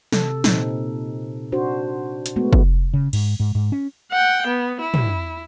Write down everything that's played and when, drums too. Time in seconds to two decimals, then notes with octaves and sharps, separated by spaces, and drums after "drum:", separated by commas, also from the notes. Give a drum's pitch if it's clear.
0.13 C3 A4, drum: snare
0.44 A#2 C4 D#4, drum: snare
1.52 D4 F#4 C5
2.26 drum: hi-hat
2.36 G#3 A3 B3 F#4
2.53 drum: kick
2.93 C#3
3.13 G#2, drum: cymbal
3.40 G#2
3.55 G#2
3.72 C#4
4.12 F#5 G5
4.47 B3
4.81 E4
4.94 drum: tom